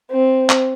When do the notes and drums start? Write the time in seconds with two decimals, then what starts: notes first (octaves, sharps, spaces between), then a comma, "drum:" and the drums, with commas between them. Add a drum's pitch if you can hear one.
0.11 C4
0.50 drum: clap